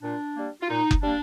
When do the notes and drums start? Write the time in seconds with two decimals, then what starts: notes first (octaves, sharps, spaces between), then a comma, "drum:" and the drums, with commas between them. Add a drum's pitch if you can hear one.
0.02 A#2 D4
0.35 G3 A#3
0.61 F4
0.68 A#2 D#4
0.91 drum: kick F#1
1.02 G3 A#3 D4